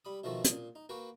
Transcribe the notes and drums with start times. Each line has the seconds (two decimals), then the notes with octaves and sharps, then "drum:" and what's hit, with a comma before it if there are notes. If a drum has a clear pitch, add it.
0.05 G3 B5 D#6
0.24 B2 D#3 F3 A3 F#4 A4
0.44 A#2 D#6, drum: hi-hat
0.75 D#4
0.89 A#3 F#4 B4 G5